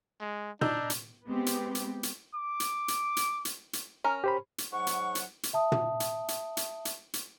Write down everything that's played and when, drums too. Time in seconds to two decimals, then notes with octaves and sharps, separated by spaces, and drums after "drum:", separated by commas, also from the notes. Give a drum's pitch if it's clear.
0.21 G#3
0.61 D4 D#4 E6 G6, drum: tom
0.90 drum: hi-hat
1.26 G#3 B3 C4 G4
1.46 drum: hi-hat
1.75 drum: hi-hat
2.03 drum: hi-hat
2.35 D6
2.60 drum: hi-hat
2.88 drum: hi-hat
3.17 drum: hi-hat
3.45 drum: hi-hat
3.73 drum: hi-hat
4.04 C#4 A#4
4.24 G4 C5 B5
4.58 drum: hi-hat
4.73 G#2 F#3 F#5 C#6
4.87 drum: hi-hat
5.15 drum: hi-hat
5.43 drum: hi-hat
5.53 E5 A5 D#6
5.72 drum: tom
6.00 drum: hi-hat
6.28 drum: hi-hat
6.57 drum: hi-hat
6.85 drum: hi-hat
7.14 drum: hi-hat